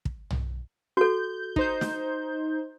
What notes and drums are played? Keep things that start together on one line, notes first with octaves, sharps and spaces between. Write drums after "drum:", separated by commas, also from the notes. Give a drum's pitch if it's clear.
drum: kick
drum: tom
F#4 A4 G6
D#4 C5 G6, drum: kick
drum: snare